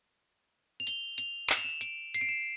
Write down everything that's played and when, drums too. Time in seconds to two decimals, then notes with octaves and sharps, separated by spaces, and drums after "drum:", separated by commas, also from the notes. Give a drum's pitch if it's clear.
0.80 F7
0.87 G7, drum: hi-hat
1.18 F7, drum: hi-hat
1.50 E7, drum: clap
1.57 F7
1.64 E7
1.81 D7, drum: hi-hat
2.14 C7, drum: hi-hat
2.21 D7
2.29 E7